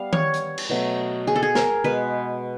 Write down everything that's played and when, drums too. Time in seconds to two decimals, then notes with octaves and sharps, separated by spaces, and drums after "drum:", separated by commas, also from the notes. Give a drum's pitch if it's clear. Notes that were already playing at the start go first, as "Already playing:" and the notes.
Already playing: G3 B3 F5
0.13 C#5, drum: tom D#3
0.34 drum: hi-hat
0.58 drum: cymbal
0.70 B2 F#3 A3
1.27 G#4
1.36 A4
1.43 G#4
1.55 A#4, drum: snare
1.84 B2 G#3 B3 B4